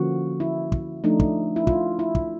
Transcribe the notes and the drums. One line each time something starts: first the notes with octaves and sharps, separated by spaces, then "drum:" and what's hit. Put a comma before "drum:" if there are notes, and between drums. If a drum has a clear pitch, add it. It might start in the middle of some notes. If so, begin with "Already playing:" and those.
Already playing: D3 F3 A#3 C#4 F#4
E4
drum: kick
F3 A3 D4 D#4
drum: kick
E4
F4, drum: kick
E4
drum: kick